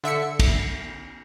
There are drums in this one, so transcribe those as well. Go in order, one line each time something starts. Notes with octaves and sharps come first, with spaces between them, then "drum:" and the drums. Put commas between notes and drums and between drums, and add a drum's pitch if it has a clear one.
D3 E5 E6 C#7
drum: kick, cymbal